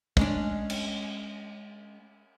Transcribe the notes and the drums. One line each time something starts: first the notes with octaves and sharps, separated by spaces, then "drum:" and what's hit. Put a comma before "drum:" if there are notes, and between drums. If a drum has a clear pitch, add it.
G#3 C#4 D4, drum: kick
drum: cymbal